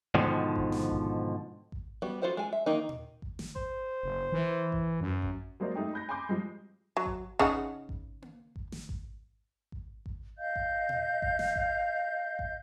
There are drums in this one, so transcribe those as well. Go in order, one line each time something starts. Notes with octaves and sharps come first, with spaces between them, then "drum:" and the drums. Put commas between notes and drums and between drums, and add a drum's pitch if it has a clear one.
G#2 B2 D3 D#3 F3
drum: kick G#1
drum: snare
drum: kick G#1
drum: kick G#1
G3 B3 F#4
F4 F#4 A4 C5 F#5
G#3 G#5
E5
D#3 A#3 D#4
drum: tom A#2
drum: kick G#1
drum: snare
C5, drum: kick G#1
F#1
E3
drum: kick G#1
F#2
drum: kick G#1
F#3 G#3 A#3 C5 D5
G#3 A3 D#4 G4
B5 G6 A#6
G#5 B5 C6 D6 G6
F3 G3 G#3
F#3
drum: kick G#1
C#3 D#4 F#5, drum: kick G#1
drum: kick G#1
drum: tom A#3
drum: kick G#1
drum: snare
drum: kick G#1
drum: kick G#1
drum: kick G#1
D#5 F5 G6
drum: kick G#1
drum: tom A#2
drum: kick G#1
drum: snare
drum: kick G#1
drum: kick G#1